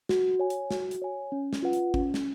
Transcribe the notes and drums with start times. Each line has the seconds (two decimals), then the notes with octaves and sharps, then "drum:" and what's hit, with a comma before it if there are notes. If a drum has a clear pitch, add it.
0.09 F#4, drum: snare
0.39 C#5 G#5
0.50 drum: hi-hat
0.71 F#4, drum: snare
0.91 drum: hi-hat
1.02 C#5 G#5
1.32 C#4
1.53 drum: snare
1.63 F4 B4 F#5
1.73 drum: hi-hat
1.94 C#4, drum: kick G#1
2.14 drum: snare